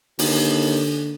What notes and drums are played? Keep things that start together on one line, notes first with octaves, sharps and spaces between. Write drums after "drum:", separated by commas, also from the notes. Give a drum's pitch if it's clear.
D#2 D3, drum: open hi-hat